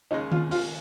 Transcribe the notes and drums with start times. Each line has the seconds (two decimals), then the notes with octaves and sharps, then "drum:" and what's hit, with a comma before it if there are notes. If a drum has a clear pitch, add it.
0.11 D#2 C#3 G#3 D#4
0.32 F4, drum: tom D#3
0.51 F4, drum: open hi-hat